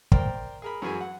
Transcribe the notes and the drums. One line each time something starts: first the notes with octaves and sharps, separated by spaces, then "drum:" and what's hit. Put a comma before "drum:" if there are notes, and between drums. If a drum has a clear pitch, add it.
A#4 C5 D5 G5, drum: kick
G#4 A#4 B5
F#2 E3 F#3 G#4 G#5
F#5